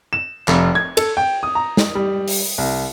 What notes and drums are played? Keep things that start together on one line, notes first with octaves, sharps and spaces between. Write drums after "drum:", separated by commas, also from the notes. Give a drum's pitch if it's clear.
E7
F1, drum: clap
G#6
A4, drum: cymbal
G5
D#6
A#5
drum: snare
G3
drum: open hi-hat
C2